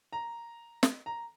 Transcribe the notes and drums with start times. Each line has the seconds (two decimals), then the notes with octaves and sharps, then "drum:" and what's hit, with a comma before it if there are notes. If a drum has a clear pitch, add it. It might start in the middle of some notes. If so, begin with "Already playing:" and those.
0.13 A#5
0.83 drum: snare
1.06 A#5